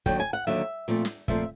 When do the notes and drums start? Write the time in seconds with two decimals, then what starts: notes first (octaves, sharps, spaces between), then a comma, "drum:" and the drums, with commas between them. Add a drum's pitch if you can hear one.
0.06 D#2 D3 F#3 G5, drum: kick
0.20 G#5
0.33 F#5
0.47 D#2 D3 F#3 E5
0.88 A#2 F3 A3 C4
1.05 drum: snare
1.28 A#2 F3 A3 C4 E5, drum: kick